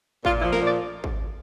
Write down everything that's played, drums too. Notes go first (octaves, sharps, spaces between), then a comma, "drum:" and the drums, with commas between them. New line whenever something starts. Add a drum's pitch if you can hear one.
A#2 F4, drum: kick G#1
E4
F3
A#4, drum: snare
A#2 D5
drum: kick G#1